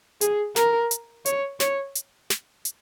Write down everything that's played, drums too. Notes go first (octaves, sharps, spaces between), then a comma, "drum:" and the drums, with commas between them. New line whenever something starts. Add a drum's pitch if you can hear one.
G#4, drum: hi-hat
A#4, drum: snare
drum: hi-hat
C#5, drum: hi-hat
C#5, drum: snare
drum: hi-hat
drum: snare
drum: hi-hat